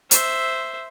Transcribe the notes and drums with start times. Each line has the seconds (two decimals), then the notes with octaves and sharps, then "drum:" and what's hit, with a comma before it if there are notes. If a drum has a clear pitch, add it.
0.11 C5 E5, drum: hi-hat